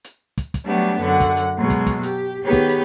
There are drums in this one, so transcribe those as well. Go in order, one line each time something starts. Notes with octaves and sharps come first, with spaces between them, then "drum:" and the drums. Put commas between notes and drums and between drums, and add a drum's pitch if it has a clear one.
drum: hi-hat
drum: kick, hi-hat
drum: kick, hi-hat
F#3 G3 A3 B3 D4
F#2 D3 F#3 F#5
drum: kick, hi-hat
drum: hi-hat
B2 F#3 G#3
drum: kick, hi-hat
drum: kick, hi-hat
G4, drum: hi-hat
D#3 B3 G4 G#4 B4 C#5
drum: kick, hi-hat
drum: hi-hat